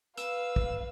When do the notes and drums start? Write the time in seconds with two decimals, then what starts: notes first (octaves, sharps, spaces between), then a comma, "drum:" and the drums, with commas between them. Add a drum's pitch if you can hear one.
0.17 B4 F5 E6, drum: hi-hat
0.56 drum: kick